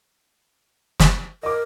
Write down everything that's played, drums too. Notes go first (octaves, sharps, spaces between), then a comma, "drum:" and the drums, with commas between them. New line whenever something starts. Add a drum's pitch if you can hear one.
drum: snare
A#4 D#5 D6